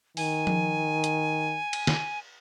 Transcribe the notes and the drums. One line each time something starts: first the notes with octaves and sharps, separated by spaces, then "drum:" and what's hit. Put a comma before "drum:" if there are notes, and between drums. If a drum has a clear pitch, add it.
D#3 G#5, drum: open hi-hat
drum: tom F3
drum: hi-hat
drum: cymbal
drum: snare